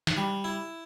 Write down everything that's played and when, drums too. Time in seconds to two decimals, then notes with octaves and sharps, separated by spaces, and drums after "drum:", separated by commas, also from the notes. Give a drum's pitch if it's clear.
0.07 drum: snare
0.17 G3
0.44 E4